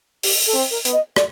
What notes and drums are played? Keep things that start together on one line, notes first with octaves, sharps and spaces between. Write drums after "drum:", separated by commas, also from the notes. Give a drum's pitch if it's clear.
G4, drum: open hi-hat
A4
C4
A#4
B3, drum: hi-hat
D#5
D5, drum: rim click